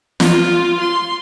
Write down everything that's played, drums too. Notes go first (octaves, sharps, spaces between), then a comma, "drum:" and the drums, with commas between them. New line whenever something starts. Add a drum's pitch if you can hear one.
F4, drum: snare
C6